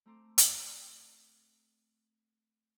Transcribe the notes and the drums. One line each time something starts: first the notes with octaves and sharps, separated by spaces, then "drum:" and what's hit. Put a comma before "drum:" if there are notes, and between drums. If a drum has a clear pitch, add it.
A3 C4 A4 A#5 C6 D6
drum: hi-hat